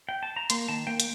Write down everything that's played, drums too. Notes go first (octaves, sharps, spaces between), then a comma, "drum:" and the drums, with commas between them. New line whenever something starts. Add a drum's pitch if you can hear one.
G5
A5
A#5
A#3 C6, drum: hi-hat
D#3 A5
A#3 G5
drum: hi-hat